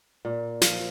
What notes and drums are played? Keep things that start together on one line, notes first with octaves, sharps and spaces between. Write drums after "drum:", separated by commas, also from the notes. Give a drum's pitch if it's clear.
A#2
F3, drum: snare